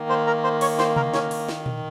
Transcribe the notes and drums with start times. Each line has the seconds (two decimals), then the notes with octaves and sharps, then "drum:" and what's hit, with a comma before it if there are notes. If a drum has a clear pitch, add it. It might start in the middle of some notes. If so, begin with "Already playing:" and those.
Already playing: D#3 A#3
0.09 C5 C6
0.27 A#4 A#5
0.44 C5 C6
0.61 C#5 C#6, drum: open hi-hat
0.79 C5 C6, drum: snare
0.96 A#4 A#5, drum: tom C3
1.14 C#4 C#5, drum: snare
1.31 drum: open hi-hat
1.48 drum: snare
1.66 drum: tom A#2